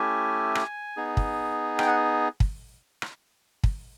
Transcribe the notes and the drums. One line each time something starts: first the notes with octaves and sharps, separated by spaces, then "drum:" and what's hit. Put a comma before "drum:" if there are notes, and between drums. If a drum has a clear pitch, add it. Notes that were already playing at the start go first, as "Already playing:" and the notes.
Already playing: A3 C#4 E4 G4 G#5
drum: rim click
B3 D#4 G#4
drum: kick
G5, drum: rim click
F#5
drum: kick
drum: rim click
drum: kick